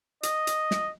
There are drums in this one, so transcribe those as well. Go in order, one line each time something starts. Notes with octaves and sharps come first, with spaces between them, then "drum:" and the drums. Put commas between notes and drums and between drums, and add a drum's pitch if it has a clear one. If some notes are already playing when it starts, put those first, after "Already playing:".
D#5, drum: hi-hat
drum: hi-hat
drum: snare